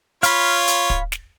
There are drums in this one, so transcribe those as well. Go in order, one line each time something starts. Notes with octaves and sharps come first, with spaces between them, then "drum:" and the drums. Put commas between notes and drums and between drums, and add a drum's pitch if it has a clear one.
F4 C#5 F5 B5, drum: hi-hat
drum: hi-hat
drum: kick
drum: snare